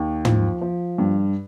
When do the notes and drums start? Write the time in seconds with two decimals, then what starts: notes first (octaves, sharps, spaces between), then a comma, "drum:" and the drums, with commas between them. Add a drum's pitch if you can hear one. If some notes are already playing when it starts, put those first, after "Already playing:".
Already playing: D#2
0.25 F3, drum: tom
0.61 F3
0.98 G2